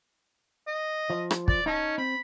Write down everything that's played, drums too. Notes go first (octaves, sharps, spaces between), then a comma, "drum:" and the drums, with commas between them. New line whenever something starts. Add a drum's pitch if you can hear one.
D#5
F3
drum: rim click
D5, drum: kick
C#4 D#4 D#5 A5
C4 B5